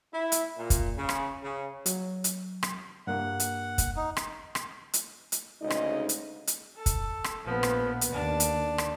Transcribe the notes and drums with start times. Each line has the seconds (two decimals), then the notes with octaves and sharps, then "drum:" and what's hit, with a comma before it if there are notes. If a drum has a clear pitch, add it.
0.13 E4
0.32 drum: hi-hat
0.58 A#2
0.70 drum: kick, hi-hat
0.98 C#3
1.09 drum: rim click
1.43 C#3
1.86 F#3, drum: hi-hat
2.24 drum: hi-hat
2.63 drum: rim click
3.07 G2 A#3 F#5
3.40 drum: hi-hat
3.78 drum: kick, hi-hat
3.97 D#4
4.17 drum: rim click
4.55 drum: rim click
4.93 drum: hi-hat
5.32 drum: hi-hat
5.61 D2 C#3 G#3 D#4 D#5
5.70 drum: rim click
6.09 drum: hi-hat
6.47 drum: hi-hat
6.76 A4
6.86 drum: kick, hi-hat
7.24 drum: rim click
7.45 A#1 F3 B3
7.63 drum: rim click
8.01 drum: hi-hat
8.12 D#2 D4
8.40 drum: hi-hat
8.78 drum: rim click